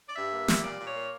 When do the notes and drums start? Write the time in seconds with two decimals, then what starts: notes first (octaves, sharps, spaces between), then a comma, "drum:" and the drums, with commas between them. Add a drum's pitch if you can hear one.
0.09 D5
0.16 G2 E5
0.32 A#3
0.48 G3, drum: snare
0.64 A#2 D5
0.80 A#2
0.87 C#5
0.95 A#3